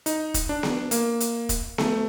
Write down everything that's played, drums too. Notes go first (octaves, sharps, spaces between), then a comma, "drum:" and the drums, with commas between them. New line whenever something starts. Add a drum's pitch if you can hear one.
D#4, drum: hi-hat
drum: kick, hi-hat
D4
drum: snare B3
A#3, drum: hi-hat
drum: hi-hat
drum: kick, hi-hat
A3, drum: snare B3